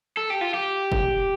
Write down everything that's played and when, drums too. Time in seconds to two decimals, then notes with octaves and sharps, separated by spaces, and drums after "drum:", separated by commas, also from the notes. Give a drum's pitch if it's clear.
0.17 A4
0.30 G4
0.41 F4
0.54 G4
0.92 drum: kick